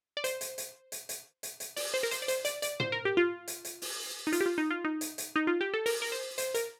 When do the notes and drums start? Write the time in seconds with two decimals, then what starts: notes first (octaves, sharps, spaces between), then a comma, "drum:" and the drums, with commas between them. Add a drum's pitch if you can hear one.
0.17 D5
0.24 C5, drum: hi-hat
0.41 drum: hi-hat
0.58 drum: hi-hat
0.92 drum: hi-hat
1.09 drum: hi-hat
1.43 drum: hi-hat
1.60 drum: hi-hat
1.76 D5, drum: open hi-hat
1.94 C5
2.03 A#4
2.11 C5, drum: hi-hat
2.22 D5
2.28 C5, drum: hi-hat
2.45 D5, drum: hi-hat
2.62 D5, drum: hi-hat
2.80 C5, drum: tom
2.92 A#4
3.05 G4
3.17 F4
3.48 drum: hi-hat
3.65 drum: hi-hat
3.82 drum: open hi-hat
4.27 D#4
4.32 F4, drum: hi-hat
4.41 G4
4.46 F4
4.58 D#4
4.71 F4
4.84 D#4
5.01 drum: hi-hat
5.18 drum: hi-hat
5.36 D#4
5.47 F4
5.61 G4
5.74 A4
5.86 A#4, drum: open hi-hat
6.02 A#4
6.12 C5
6.38 C5, drum: hi-hat
6.54 A#4, drum: hi-hat